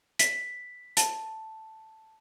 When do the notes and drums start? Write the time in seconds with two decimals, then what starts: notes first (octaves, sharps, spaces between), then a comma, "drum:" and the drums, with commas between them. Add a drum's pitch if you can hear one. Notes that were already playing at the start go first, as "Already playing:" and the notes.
0.19 B6, drum: hi-hat
0.97 A5, drum: hi-hat